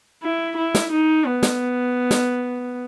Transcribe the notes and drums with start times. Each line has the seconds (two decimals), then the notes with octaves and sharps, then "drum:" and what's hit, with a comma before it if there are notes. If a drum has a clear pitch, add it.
0.23 E4
0.57 E4
0.75 drum: snare
0.92 D#4
1.26 B3
1.43 drum: snare
2.11 drum: snare